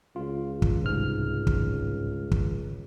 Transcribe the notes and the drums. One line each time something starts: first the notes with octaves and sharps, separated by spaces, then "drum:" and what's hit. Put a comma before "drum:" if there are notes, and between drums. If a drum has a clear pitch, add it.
C#2 F4
drum: kick
C2 G#2 F6
drum: kick
drum: kick